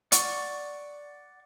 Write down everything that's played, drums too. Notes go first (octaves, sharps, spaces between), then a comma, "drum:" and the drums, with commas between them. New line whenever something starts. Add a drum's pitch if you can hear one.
D5 F#5 C#6, drum: hi-hat